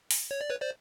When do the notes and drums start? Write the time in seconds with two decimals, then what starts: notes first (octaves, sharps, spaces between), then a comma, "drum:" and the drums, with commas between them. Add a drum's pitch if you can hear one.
0.11 drum: open hi-hat
0.31 C#5
0.41 D5
0.50 B4 C#5
0.61 C5 D5